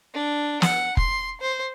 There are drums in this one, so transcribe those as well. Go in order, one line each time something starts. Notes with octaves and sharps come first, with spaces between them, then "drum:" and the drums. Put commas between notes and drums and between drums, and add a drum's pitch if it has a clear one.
D4
F#5, drum: snare
C6, drum: kick F1
C5